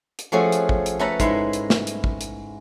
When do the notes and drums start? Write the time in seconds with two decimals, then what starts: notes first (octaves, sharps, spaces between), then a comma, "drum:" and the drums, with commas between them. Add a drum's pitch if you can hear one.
0.19 drum: hi-hat
0.32 F3 A3 C#4 F#4 G#4 A4
0.52 drum: hi-hat
0.69 drum: kick
0.86 drum: hi-hat
0.99 A3 C#4 A4 B4 A#5 B5
1.20 G#2 G#3 E4, drum: kick, hi-hat
1.53 drum: hi-hat
1.70 drum: snare
1.87 drum: hi-hat
2.04 drum: kick
2.21 drum: hi-hat